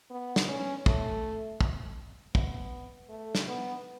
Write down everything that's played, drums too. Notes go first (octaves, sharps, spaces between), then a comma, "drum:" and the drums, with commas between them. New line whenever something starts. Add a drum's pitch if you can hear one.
B3
drum: snare
C#4
A3, drum: kick
drum: kick
B3, drum: kick
A3
drum: snare
B3